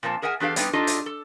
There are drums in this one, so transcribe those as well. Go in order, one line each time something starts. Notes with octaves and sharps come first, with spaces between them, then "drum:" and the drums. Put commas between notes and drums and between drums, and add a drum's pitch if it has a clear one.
A#2 F3 C4 A5
G#4 A#4 E5 F#5 G#5
E2 D4 G4 A4 F5
G3 B3 C4 D4 D#4 G4, drum: hi-hat
D4 D#4 F4 G4 A4 D#5
drum: hi-hat
A4